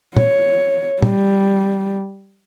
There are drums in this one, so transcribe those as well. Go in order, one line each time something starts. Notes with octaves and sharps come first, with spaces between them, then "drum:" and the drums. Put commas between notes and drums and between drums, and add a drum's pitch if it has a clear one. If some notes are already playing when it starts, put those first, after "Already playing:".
C#5, drum: tom
G3, drum: tom